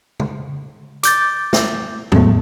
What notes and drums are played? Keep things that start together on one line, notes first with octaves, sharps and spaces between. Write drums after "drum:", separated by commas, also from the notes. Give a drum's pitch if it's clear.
drum: tom C#3
D6 G6 A6, drum: hi-hat
drum: snare
A2 F#3 G#3 A3 B3, drum: tom E2